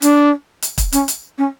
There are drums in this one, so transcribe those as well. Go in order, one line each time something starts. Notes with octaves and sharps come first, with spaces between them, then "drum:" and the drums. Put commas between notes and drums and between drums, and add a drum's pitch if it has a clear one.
D4, drum: hi-hat
drum: hi-hat
drum: kick, hi-hat
C#4, drum: hi-hat
drum: hi-hat
C#4